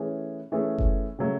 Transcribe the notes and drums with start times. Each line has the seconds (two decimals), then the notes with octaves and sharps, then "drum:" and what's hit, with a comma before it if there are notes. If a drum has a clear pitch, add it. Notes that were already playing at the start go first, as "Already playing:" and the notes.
Already playing: E3 A3 C#4 G#4
0.52 E3 A3 C#4 G#4
0.78 drum: kick F#1
1.19 C#3 F#3 A3